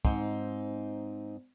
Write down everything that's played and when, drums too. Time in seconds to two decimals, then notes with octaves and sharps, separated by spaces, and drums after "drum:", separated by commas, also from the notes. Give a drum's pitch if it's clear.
0.05 G#2 C4 D#4, drum: kick